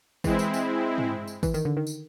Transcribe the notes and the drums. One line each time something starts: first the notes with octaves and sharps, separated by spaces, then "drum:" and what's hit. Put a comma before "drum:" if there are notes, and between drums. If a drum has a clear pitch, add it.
E3 G#3 C4 E4, drum: kick, tambourine
drum: tambourine
drum: tambourine
drum: tom
drum: tambourine
E3, drum: kick, tambourine
D#3, drum: tambourine
D3
D#3
drum: tambourine